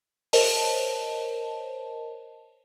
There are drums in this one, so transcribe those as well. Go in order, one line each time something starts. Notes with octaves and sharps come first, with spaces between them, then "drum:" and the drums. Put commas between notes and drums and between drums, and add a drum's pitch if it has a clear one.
A#4 C5 C#5 D#5 A5, drum: open hi-hat